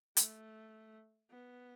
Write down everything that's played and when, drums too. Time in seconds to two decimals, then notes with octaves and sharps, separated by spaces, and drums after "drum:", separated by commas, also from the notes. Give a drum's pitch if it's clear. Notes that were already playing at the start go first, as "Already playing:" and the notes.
0.17 A3, drum: hi-hat
1.30 B3